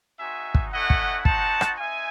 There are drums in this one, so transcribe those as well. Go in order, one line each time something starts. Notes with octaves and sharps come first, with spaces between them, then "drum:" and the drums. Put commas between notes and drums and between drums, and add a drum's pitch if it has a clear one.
G#3 C4 D#4 F#4 E5 G#5
drum: kick
A3 C#4 E4 D#5 F#5
drum: kick
C4 D#4 F#4 F#5 A5, drum: kick
drum: rim click
C4 D#4 E5 G#5